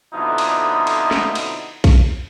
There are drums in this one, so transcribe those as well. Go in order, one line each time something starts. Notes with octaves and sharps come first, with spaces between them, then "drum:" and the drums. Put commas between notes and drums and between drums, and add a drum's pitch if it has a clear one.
F2 B2 D3 F3 D#4 E4
drum: cymbal
drum: cymbal
drum: snare
drum: cymbal
drum: kick B1, cymbal